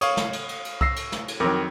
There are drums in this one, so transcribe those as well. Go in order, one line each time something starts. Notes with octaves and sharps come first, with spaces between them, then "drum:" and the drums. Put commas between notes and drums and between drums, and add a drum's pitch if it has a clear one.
C#5 F5 C#6 D#6, drum: cymbal
drum: snare
drum: cymbal
drum: cymbal
drum: cymbal
E6 A#6 C7, drum: kick C2
drum: cymbal
drum: snare
drum: cymbal
F2 D#3 F#3 A#4 D6